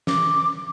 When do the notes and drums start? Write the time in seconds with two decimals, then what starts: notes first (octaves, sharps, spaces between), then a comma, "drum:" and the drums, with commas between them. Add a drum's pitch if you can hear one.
0.07 D6, drum: snare